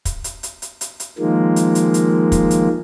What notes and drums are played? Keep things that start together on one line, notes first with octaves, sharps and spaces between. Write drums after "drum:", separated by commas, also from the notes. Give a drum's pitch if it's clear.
drum: kick, hi-hat
drum: hi-hat
drum: hi-hat
drum: hi-hat
drum: hi-hat
drum: hi-hat
D#3 F3 G#3 A#3
drum: hi-hat
drum: hi-hat
drum: hi-hat
drum: kick, hi-hat
drum: hi-hat